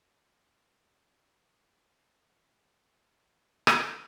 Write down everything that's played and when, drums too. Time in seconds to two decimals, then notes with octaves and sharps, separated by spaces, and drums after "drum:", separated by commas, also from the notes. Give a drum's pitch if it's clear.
0.19 D#5
0.42 D#5
0.65 A#4
0.89 G4
1.13 E4
1.36 G4
1.60 G#4
1.84 B3
3.67 drum: rim click